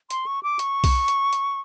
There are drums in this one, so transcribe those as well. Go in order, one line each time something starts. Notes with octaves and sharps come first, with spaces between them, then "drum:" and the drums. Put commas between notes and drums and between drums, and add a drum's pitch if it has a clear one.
C6, drum: hi-hat
C#6
D6
C#6, drum: hi-hat
drum: kick B1, open hi-hat
drum: hi-hat
drum: hi-hat